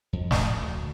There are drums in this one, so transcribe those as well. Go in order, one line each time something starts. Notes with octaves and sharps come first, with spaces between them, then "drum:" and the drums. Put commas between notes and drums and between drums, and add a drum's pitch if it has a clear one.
F2
A3, drum: snare
D2